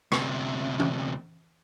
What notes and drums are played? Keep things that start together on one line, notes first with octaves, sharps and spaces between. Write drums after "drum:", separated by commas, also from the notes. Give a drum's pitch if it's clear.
D2 C3, drum: rim click
drum: tom